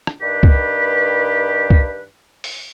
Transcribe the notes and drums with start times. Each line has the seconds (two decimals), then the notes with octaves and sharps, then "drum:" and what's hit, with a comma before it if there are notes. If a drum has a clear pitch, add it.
0.07 drum: rim click
0.21 G2 D#3 G4 B4
0.43 drum: kick
1.70 drum: kick
2.44 drum: open hi-hat